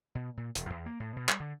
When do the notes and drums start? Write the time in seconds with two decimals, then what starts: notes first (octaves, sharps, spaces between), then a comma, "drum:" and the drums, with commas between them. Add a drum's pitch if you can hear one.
0.15 B2
0.37 A#2
0.55 E1, drum: hi-hat
0.70 E2
0.86 A#3
1.00 A2
1.16 B2
1.29 G3, drum: clap
1.40 D3